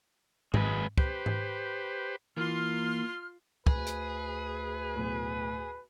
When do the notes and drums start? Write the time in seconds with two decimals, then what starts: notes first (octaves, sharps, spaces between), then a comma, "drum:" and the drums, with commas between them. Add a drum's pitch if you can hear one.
0.54 G#1 F#2 G#3 B4, drum: tom G#2
0.98 G4 B4 C5, drum: kick
1.26 drum: tom G#2
2.37 E3 A#3 F4 C6 F6
3.67 D2 G#4 B4, drum: kick
3.87 drum: hi-hat
4.95 B1 A2